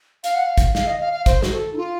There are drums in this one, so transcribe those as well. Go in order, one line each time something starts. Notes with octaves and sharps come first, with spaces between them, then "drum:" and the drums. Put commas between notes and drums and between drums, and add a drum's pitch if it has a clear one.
F5, drum: hi-hat
F#5
F5
drum: kick, hi-hat
F5, drum: snare
D#5
F5
F5
C5, drum: kick, hi-hat
F#4, drum: snare
A4
D#4
F4